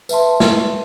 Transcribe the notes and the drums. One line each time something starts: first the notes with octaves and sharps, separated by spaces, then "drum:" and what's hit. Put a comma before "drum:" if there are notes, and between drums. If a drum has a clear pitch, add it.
B4 E5 A5 C6, drum: tambourine
drum: snare